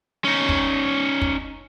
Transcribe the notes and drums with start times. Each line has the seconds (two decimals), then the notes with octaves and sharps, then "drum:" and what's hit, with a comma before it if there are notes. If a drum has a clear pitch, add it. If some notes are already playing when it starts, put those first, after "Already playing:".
0.25 C#4 D#4
0.49 drum: kick
1.22 drum: kick